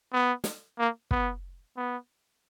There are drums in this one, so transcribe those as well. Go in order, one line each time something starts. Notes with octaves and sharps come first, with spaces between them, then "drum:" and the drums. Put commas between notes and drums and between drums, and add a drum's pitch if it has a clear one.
B3
drum: snare
A#3
B3, drum: kick
B3